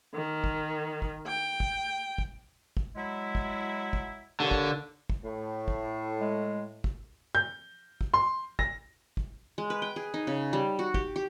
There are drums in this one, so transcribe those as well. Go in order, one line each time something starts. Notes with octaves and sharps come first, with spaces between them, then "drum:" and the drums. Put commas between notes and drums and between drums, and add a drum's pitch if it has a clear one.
D#3
drum: kick
drum: kick
G5
drum: kick
drum: kick
drum: kick
F#3 G#3 E4
drum: kick
drum: kick
D3 A#3 G4 C#5
drum: kick
drum: kick
A2
drum: kick
G#3
drum: kick
G6
drum: kick
C6
A#6, drum: kick
drum: kick
G#3
B4
G5
G#4
D#4
C#3
G3
F#4
G4, drum: kick
G4